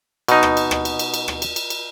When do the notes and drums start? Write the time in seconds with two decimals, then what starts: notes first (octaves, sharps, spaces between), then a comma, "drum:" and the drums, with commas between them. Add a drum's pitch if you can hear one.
0.28 B2 D#4, drum: cymbal
0.43 drum: rim click
0.57 drum: cymbal
0.71 drum: rim click
0.85 drum: cymbal
0.99 drum: cymbal
1.14 drum: cymbal
1.28 drum: rim click
1.42 drum: cymbal
1.56 drum: cymbal
1.70 drum: cymbal